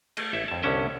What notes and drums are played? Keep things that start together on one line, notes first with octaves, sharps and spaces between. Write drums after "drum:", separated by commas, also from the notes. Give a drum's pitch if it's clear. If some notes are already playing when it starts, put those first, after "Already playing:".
A3 D#5, drum: cymbal
A1 E4 E5
F2 A5
C2 D3 B3 C#4 E5 G5